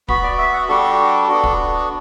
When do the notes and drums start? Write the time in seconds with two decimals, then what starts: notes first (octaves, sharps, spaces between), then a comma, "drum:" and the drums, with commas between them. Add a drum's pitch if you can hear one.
0.08 B3 F#4 B5, drum: kick
0.23 D5
0.38 E5
0.53 F#5
0.68 G3 D4 F#4 A4
1.28 B3 D4 F#4
1.44 drum: kick